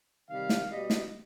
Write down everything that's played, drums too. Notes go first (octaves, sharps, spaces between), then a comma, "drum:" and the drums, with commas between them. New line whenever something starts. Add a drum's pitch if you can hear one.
C3 D#3 G3 F5
drum: snare
B2 G3 D#5
drum: snare